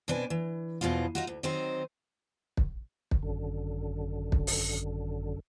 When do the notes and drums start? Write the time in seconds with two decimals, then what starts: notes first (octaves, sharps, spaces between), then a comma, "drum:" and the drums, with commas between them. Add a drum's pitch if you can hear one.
0.08 B2 C4 D4 B4 G#5
0.30 E3
0.81 E2 B2 E3 F3 F4
1.15 D#4 F4 F#4
1.27 D2
1.43 D#3 F#3 C4 D#4 C5
2.57 drum: kick
3.11 drum: kick
3.23 G#1 F#2 D3
4.32 drum: kick
4.47 drum: open hi-hat